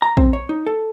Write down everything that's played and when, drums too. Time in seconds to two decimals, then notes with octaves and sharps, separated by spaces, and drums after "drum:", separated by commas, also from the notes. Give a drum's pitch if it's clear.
0.02 A#5
0.17 C4, drum: kick A#1
0.33 C#5
0.49 D#4
0.66 A4